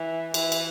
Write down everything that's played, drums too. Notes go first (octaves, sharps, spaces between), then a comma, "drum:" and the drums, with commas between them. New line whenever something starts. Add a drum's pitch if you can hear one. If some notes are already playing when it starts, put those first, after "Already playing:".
Already playing: E3
E3, drum: cymbal
drum: cymbal